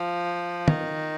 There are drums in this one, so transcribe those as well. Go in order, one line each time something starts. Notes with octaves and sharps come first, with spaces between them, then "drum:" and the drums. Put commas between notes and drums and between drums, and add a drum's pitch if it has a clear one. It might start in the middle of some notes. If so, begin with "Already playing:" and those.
Already playing: F3
D#3, drum: tom